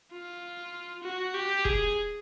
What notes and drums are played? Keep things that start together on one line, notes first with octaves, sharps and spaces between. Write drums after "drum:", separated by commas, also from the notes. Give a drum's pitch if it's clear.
F4
F#4
G4
G#4, drum: kick E1